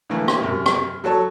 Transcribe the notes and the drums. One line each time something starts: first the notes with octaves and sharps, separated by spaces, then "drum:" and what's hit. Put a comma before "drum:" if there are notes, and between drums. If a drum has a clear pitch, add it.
A2 D3 E3 A3 A#3
drum: rim click
F#2 C3
drum: rim click
F#3 A4 C#5 A5